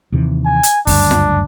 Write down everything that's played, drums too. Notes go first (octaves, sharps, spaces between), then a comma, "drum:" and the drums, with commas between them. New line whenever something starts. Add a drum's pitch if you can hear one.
D#2 C3 E3
G#5
drum: hi-hat
F#1 D2 G2 D4, drum: kick, open hi-hat
drum: snare F4